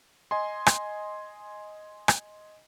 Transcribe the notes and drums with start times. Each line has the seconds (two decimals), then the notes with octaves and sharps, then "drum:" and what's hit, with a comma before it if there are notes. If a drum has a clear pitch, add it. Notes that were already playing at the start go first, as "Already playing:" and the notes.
0.31 D#5 G#5 C6
0.66 drum: rim click
2.08 drum: rim click